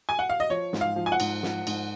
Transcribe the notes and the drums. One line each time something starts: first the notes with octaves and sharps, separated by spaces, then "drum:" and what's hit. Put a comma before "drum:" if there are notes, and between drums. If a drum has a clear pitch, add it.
G#5
F#5
F5
D#5
F3 C#5
G#2, drum: snare
F5
F3
G#5
F#5
G#2, drum: cymbal
F3, drum: snare
G#2, drum: cymbal